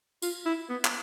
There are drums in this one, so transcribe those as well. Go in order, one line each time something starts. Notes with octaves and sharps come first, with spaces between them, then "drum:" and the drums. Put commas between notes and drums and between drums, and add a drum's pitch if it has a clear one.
F4, drum: tambourine
E4
B3
drum: clap